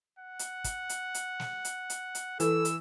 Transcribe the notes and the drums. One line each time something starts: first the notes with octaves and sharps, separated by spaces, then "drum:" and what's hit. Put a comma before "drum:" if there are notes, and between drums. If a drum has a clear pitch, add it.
F#5
drum: hi-hat
drum: kick, hi-hat
drum: hi-hat
drum: hi-hat
drum: snare
drum: hi-hat
drum: hi-hat
drum: hi-hat
E3 A4 E6, drum: hi-hat
drum: hi-hat